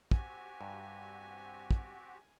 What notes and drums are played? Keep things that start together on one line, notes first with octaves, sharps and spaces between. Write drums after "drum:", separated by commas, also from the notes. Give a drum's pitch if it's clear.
C4 F#4 G4 G#5, drum: kick
G2
drum: kick